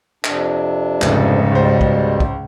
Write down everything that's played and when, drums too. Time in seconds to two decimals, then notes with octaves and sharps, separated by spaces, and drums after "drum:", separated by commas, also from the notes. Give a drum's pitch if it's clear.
0.24 F2 C3 D4, drum: clap
1.02 F1 G#2 C#3, drum: clap
1.52 C#2 B2 G3 C5
1.81 drum: kick
2.20 drum: kick